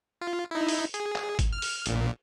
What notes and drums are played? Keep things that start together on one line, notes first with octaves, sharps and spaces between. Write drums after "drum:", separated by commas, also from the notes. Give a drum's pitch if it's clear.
F4
D#4 E4
drum: open hi-hat
G#4, drum: hi-hat
drum: clap
drum: kick, hi-hat
F6
drum: open hi-hat
A#1 A#2, drum: hi-hat